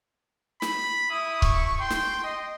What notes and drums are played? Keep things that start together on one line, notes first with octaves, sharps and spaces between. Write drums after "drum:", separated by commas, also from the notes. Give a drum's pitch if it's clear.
B5, drum: snare
E4 D#6
C#6, drum: kick C#1
G5 C6
drum: snare
D#5